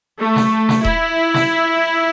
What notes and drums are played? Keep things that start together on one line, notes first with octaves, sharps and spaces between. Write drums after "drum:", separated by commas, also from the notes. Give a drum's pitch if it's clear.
A3
drum: snare
drum: snare
E4, drum: kick D#1
drum: snare